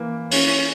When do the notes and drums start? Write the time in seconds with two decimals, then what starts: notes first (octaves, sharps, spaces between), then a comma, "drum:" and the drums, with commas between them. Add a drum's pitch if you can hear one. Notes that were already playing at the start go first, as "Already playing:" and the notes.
Already playing: E3 A#3
0.31 C#4, drum: open hi-hat